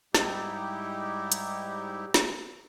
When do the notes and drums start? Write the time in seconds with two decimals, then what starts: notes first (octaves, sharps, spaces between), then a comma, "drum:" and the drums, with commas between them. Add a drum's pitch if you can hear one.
0.15 G#2 G3 D#4 E4 G4, drum: snare
1.32 drum: hi-hat
2.14 drum: snare